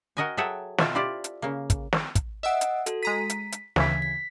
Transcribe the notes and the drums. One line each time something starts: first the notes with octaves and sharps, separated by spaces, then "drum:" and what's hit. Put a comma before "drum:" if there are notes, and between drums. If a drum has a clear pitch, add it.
F#4 A#4 D#5 G5 G#5
F#3 G#4 A4 E5 F#5 G5
B2 F4 E5 A5, drum: snare
E4 F4 G4 C5 D5
drum: hi-hat
C#3 A#3
drum: kick, hi-hat
drum: snare
drum: kick, hi-hat
D#5 E5 F#5 E6 D7
drum: hi-hat
F#4 A4, drum: hi-hat
G#3 A#5 B6 D#7
drum: hi-hat
drum: hi-hat
D2 C#3 E3 G#6 B6, drum: snare
B6